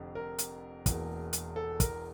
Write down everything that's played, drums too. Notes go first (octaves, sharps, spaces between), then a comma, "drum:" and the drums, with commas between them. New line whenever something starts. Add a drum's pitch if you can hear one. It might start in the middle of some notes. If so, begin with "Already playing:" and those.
Already playing: F1 F2 D3
A#4
drum: hi-hat
E1 E2 E3 A#3, drum: kick, hi-hat
drum: hi-hat
A4
A#4, drum: kick, hi-hat